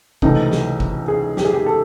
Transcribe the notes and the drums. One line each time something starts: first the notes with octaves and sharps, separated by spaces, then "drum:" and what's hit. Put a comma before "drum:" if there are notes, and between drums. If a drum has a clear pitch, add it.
C#2 C3 E3 A3 D#4, drum: kick
drum: snare
drum: kick
G#4
G4, drum: snare
G#4
G4
A4